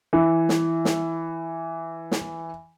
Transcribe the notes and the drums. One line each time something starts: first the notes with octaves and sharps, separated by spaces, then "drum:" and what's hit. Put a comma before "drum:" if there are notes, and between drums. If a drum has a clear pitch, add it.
E3 E4
drum: snare
drum: snare
drum: snare